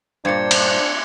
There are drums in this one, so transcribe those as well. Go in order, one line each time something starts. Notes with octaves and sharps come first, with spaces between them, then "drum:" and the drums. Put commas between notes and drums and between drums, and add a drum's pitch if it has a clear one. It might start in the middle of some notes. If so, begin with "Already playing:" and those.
G2 A#2 D4 C5 G#6 C#7
drum: cymbal